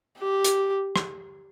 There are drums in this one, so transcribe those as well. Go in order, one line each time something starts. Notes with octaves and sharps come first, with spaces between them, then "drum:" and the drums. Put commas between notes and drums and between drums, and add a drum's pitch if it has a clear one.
G4
drum: hi-hat
drum: rim click